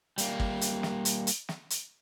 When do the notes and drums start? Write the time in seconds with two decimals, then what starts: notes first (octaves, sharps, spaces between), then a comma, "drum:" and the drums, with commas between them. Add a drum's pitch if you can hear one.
0.18 G3 A#3, drum: hi-hat
0.40 drum: kick G#1
0.61 drum: hi-hat
0.83 drum: snare
1.05 drum: hi-hat
1.27 drum: hi-hat
1.49 drum: snare
1.70 drum: hi-hat